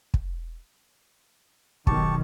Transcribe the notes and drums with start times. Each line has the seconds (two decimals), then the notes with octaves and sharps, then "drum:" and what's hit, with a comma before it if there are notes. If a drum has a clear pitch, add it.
0.14 drum: kick
1.87 B1 D#3 G4 A5 C#6, drum: kick